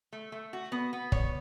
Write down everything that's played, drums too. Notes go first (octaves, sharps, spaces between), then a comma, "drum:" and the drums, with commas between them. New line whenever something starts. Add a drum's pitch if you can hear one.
A3
A3
F#4
B3
B3
C#5, drum: kick